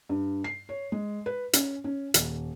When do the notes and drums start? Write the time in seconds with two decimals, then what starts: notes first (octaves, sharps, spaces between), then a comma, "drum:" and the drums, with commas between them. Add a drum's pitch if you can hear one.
0.09 G2
0.44 C7
0.69 C#5
0.92 G#3
1.26 B4
1.53 C#4, drum: hi-hat
1.84 C#4
2.14 D#1, drum: hi-hat